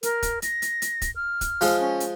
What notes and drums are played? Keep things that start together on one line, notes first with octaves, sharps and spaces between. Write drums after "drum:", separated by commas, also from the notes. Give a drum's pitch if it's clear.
A#4, drum: hi-hat
drum: kick, hi-hat
A#6, drum: hi-hat
drum: hi-hat
drum: hi-hat
drum: kick, hi-hat
F6
drum: kick, hi-hat
F3 G#3, drum: open hi-hat
C#4
drum: hi-hat